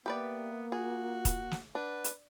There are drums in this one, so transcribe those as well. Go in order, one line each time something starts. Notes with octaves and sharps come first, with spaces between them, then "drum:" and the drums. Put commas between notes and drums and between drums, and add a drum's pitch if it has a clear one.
A#3 B3 G4 B4 D5 E5
F4 F#4 G#4
drum: kick, hi-hat
drum: snare
D4 B4 F#5
drum: hi-hat